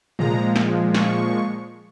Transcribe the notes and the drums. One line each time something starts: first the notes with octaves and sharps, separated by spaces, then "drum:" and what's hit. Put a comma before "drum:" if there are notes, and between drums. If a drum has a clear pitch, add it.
A#2 F3 G#3 A#5, drum: tom B2
drum: snare
C#6, drum: snare